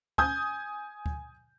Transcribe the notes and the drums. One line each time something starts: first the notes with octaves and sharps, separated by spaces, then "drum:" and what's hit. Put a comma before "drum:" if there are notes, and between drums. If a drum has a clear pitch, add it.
G#5 D#6 G6, drum: kick D2
drum: kick D2